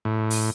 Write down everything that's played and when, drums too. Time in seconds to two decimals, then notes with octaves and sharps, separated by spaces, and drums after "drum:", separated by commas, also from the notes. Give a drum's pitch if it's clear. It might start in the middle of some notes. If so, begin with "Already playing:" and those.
0.05 A2
0.30 drum: open hi-hat